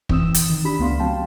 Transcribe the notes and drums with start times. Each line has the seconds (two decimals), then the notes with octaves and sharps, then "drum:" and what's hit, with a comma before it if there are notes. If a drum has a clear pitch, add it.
0.09 E3 C4 D#6 E6 E7, drum: kick
0.34 drum: hi-hat
0.49 D#3
0.64 D4 G4 B5 B6 E7
0.79 C#2 A3 B3 D4 F5 C6
1.00 F#3 C4 F5 G5 A5